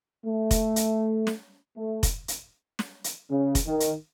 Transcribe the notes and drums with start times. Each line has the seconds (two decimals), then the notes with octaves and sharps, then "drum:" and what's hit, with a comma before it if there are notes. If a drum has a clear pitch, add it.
0.25 A3
0.51 drum: kick F1, hi-hat
0.76 drum: hi-hat
1.27 drum: snare
1.77 A3
2.03 drum: kick F1, hi-hat
2.28 drum: hi-hat
2.79 drum: snare
3.04 drum: hi-hat
3.30 C#3
3.55 drum: kick F1, hi-hat
3.67 D#3
3.80 drum: hi-hat